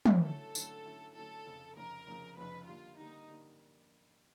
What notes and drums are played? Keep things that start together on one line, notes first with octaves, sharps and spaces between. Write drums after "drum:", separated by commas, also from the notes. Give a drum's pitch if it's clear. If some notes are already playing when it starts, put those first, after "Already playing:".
drum: tom
D3 F#3 A3 C#4 E4 A4
D3 F#3 A3 C#4 E4, drum: tambourine
D3 F#3 A3 C#4 E4
D3 F#3 A3 C#4 E4 A4
F1 F2 C#3 F3
F1 F2 C#3 F3 A#4
F1 F2 C#3 F3
F1 F2 C#3 F3 B4
D3 G3 A#3 F4
D3 G3 A#3 D#4
D3 G3 A#3